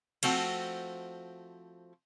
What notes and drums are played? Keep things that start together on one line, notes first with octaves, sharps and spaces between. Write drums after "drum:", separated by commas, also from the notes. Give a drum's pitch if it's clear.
F3 A3 C4 F#4, drum: cymbal